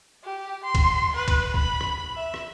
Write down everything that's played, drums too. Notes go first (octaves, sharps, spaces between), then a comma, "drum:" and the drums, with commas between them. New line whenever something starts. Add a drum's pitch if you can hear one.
G4
C6
drum: kick, cymbal
B4
drum: kick, cymbal
B5, drum: kick
drum: rim click
E5
drum: rim click